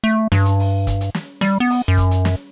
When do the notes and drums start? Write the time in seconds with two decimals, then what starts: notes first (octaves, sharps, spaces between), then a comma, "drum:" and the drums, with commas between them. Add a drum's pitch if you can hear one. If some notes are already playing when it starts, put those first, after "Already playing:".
0.04 A3
0.32 G2, drum: snare
0.46 drum: hi-hat
0.59 drum: open hi-hat
0.87 drum: kick, hi-hat
1.01 drum: hi-hat
1.15 drum: snare
1.41 G3, drum: snare
1.60 B3
1.70 drum: open hi-hat
1.88 F#2
1.97 drum: kick, hi-hat
2.11 drum: hi-hat
2.25 drum: snare